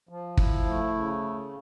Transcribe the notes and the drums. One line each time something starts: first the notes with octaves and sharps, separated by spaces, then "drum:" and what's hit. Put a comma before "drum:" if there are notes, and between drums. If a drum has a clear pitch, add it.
F3
E4, drum: kick
A3
C#3